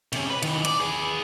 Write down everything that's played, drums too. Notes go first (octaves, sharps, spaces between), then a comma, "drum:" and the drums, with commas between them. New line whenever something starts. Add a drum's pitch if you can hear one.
C3 C#4, drum: cymbal
B4
D#3 E3, drum: hi-hat
D5, drum: hi-hat
G#4 B4